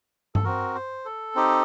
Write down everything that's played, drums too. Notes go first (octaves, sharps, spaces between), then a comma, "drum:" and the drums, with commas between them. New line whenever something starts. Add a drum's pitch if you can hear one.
A4, drum: tom G2
C4 F#4 A#4
C5
A4
C4 D#4 G4